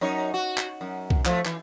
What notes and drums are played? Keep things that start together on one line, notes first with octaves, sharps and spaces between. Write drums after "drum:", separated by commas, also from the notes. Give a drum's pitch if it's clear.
F#2 D#4 C#5
F#4
drum: clap
F#2
drum: kick
F3 A3, drum: clap
E3, drum: clap